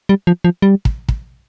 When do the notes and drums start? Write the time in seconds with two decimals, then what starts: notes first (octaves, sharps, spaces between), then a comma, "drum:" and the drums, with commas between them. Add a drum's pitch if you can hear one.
0.09 G3
0.27 F3
0.44 F3
0.62 G3
0.85 drum: kick
1.09 drum: kick